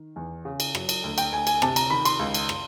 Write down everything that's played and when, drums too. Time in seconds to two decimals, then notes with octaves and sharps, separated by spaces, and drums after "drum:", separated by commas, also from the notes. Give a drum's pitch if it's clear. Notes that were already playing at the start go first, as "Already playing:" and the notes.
Already playing: D#3
0.16 E2
0.45 C#3
0.60 drum: cymbal
0.75 F#3, drum: rim click
0.89 drum: cymbal
1.04 D2
1.18 G5, drum: cymbal
1.32 D2 G#5
1.47 G#5, drum: cymbal
1.62 C3 A5, drum: rim click
1.76 A#5, drum: cymbal
1.90 D#3 B5
2.05 C6, drum: cymbal
2.19 C#2
2.34 drum: cymbal
2.49 drum: rim click